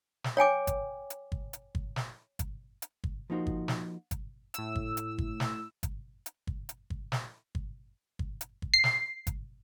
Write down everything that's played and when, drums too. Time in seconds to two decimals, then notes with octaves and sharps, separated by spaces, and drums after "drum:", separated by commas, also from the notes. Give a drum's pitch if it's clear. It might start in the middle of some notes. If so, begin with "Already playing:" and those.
0.24 drum: snare
0.37 C#5 G5 G#5 D6
0.67 drum: kick G1, hi-hat
1.10 drum: hi-hat
1.32 drum: kick G1
1.53 drum: hi-hat
1.75 drum: kick G1
1.96 drum: snare
2.39 drum: kick G1, hi-hat
2.82 drum: hi-hat
3.04 drum: kick G1
3.30 F3 A#3 D#4 F#4 C5
3.47 drum: kick G1
3.68 drum: snare
4.11 drum: kick G1, hi-hat
4.54 A2 E6, drum: hi-hat
4.75 drum: kick G1
4.97 drum: hi-hat
5.18 drum: kick G1
5.40 drum: snare
5.83 drum: kick G1, hi-hat
6.26 drum: hi-hat
6.47 drum: kick G1
6.69 drum: hi-hat
6.90 drum: kick G1
7.12 drum: snare
7.55 drum: kick G1
8.19 drum: kick G1
8.41 drum: hi-hat
8.62 drum: kick G1
8.74 C7
8.84 drum: snare
9.27 drum: kick G1, hi-hat